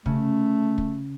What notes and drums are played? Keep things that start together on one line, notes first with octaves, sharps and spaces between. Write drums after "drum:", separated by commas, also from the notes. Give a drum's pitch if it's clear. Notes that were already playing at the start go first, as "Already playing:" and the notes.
C#3 A3, drum: kick
drum: kick